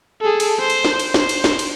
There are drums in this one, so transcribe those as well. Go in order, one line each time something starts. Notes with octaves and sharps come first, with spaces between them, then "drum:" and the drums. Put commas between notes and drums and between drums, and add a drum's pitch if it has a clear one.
G#4 A4
drum: cymbal
C5
drum: cymbal
drum: snare
drum: cymbal
C5, drum: snare
drum: cymbal
drum: snare
drum: cymbal